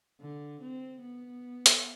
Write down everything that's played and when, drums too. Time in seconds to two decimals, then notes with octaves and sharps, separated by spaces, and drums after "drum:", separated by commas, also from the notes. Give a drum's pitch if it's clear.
0.20 D3
0.62 C4
1.02 B3
1.66 drum: hi-hat